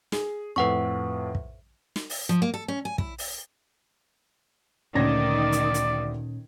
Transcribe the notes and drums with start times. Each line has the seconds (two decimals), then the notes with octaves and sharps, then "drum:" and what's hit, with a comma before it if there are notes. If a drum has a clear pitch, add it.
0.12 G#4, drum: snare
0.56 F2 A2 B4 F#5 C#6
1.35 drum: kick
1.96 drum: snare
2.10 drum: open hi-hat
2.29 F3
2.42 A#3
2.54 A4
2.68 C#4
2.85 G#5
2.98 E4, drum: kick
3.18 drum: open hi-hat
4.95 D2 A#2 D#3 C#4 D5 G#6 A#6
5.52 drum: hi-hat
5.74 drum: hi-hat